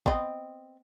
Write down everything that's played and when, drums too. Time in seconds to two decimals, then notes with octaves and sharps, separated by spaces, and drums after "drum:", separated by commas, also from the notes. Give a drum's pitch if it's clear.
0.06 B3 C4 D#5, drum: kick A1